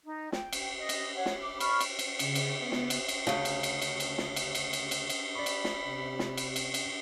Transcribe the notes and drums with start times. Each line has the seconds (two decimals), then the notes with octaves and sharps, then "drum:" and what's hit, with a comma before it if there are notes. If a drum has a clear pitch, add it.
0.05 D#4
0.32 G5, drum: snare
0.53 drum: cymbal
0.79 D#5
0.89 drum: cymbal
1.14 C#5 F#5
1.26 drum: snare
1.39 D6
1.60 D5 B5 C#6 F6, drum: cymbal
1.80 drum: cymbal
1.99 drum: cymbal
2.19 C#3, drum: cymbal
2.35 drum: cymbal
2.58 B3
2.72 drum: snare
2.90 drum: cymbal
3.08 drum: cymbal
3.27 D2 C#3, drum: snare
3.45 drum: cymbal
3.63 drum: cymbal
3.82 drum: cymbal
4.00 drum: cymbal
4.18 drum: snare
4.36 drum: cymbal
4.55 drum: cymbal
4.73 drum: cymbal
4.91 drum: cymbal
5.10 drum: cymbal
5.35 D5 B5 C#6
5.46 drum: cymbal
5.64 drum: snare
5.86 C3
6.19 drum: snare
6.37 drum: cymbal
6.56 drum: cymbal
6.74 drum: cymbal